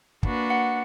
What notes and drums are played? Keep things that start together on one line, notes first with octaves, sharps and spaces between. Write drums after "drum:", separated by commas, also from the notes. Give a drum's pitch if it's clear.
A#3 D4 F#4 B4, drum: kick
F#5